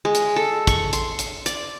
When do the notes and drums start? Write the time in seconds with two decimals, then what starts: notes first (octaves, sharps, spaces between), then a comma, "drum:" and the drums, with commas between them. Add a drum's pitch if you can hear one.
0.05 G#3
0.15 drum: hi-hat
0.36 A4
0.67 C#6, drum: kick, hi-hat
0.93 C6, drum: hi-hat
1.19 drum: hi-hat
1.46 D5, drum: hi-hat